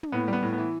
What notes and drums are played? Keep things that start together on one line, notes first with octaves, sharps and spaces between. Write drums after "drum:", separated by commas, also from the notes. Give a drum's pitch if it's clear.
drum: tom
A2 B3
G3 B3
A2
B3
E3